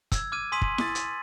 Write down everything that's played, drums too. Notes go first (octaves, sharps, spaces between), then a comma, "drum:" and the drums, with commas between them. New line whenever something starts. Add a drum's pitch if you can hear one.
E6 G#6, drum: kick, hi-hat
D6 F6 G#6 D#7
G#5 C6 D#6 B6 D#7 F#7
drum: kick
D#6 A6, drum: snare E4
drum: hi-hat